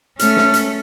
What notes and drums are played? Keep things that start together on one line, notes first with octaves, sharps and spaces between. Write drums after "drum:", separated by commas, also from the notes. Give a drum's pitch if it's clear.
A3 C#4 F6, drum: hi-hat
drum: snare
drum: hi-hat